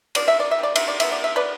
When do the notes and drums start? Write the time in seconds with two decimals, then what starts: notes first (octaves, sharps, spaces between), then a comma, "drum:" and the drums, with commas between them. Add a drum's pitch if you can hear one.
0.15 B2 D5, drum: cymbal
0.28 E5
0.40 D5
0.51 E5
0.59 G3 D5
0.76 E5, drum: cymbal
0.88 D5
1.00 B3 E5, drum: cymbal
1.12 D5
1.24 E5
1.36 B4 D5